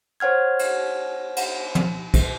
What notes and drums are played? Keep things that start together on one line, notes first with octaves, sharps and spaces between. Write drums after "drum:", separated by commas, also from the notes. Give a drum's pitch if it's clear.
C5 C#5 F#5 F6 G#6
drum: cymbal
drum: cymbal
drum: tom
drum: kick, cymbal